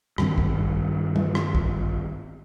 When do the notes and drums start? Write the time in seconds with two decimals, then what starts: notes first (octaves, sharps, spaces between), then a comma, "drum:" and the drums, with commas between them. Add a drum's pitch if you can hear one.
0.18 G2 D#3 C4, drum: rim click
0.38 drum: kick
1.16 drum: tom
1.35 drum: rim click
1.55 drum: kick